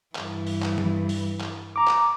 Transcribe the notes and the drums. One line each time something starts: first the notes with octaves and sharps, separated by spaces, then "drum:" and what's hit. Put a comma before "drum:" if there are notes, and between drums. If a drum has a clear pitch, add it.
G2 E3, drum: clap
drum: open hi-hat
drum: clap
drum: tom E3
drum: open hi-hat
drum: clap
A#5 D6
drum: clap